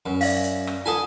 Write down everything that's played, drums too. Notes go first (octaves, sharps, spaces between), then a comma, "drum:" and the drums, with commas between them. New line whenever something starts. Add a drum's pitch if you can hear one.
F#2
D5 E5 F5, drum: open hi-hat
drum: hi-hat
drum: rim click
F4 A4 F#5 G#5 D#6